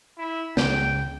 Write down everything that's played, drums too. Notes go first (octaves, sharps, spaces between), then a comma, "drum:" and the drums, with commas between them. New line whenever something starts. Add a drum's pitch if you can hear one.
E4
C#2 G5, drum: snare